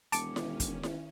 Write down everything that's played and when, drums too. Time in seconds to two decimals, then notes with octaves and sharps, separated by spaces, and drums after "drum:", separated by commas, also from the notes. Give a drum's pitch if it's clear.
0.12 E1 D#3 C#4 A5 D6 C#7 D7, drum: hi-hat
0.36 drum: snare E4
0.60 drum: kick, hi-hat
0.83 drum: snare E4